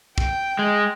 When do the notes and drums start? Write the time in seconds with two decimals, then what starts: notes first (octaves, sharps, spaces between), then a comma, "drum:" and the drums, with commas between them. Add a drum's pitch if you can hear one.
0.18 G5, drum: kick
0.59 G#3